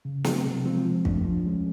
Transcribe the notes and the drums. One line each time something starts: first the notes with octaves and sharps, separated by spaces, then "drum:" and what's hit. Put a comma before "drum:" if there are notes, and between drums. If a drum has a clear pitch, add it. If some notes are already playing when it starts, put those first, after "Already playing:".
C#3
F#3 A3 C4, drum: snare
C3
F3 G#3 C4 F4
F3
A3 D4, drum: kick
F3
G#3 C#4